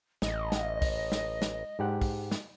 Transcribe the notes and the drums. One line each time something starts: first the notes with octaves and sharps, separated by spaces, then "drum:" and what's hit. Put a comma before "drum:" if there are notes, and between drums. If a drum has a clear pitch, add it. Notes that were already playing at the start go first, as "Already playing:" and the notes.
A1 D#5, drum: snare
drum: snare
drum: kick, open hi-hat
drum: snare
drum: snare
G#2 G4 F#5
drum: kick, open hi-hat
drum: snare